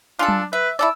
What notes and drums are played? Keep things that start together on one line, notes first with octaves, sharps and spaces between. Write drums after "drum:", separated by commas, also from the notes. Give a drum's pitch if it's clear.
D4 F4 G#4 A4
drum: tom F#3
B4 E5
E4 A4 D5 E6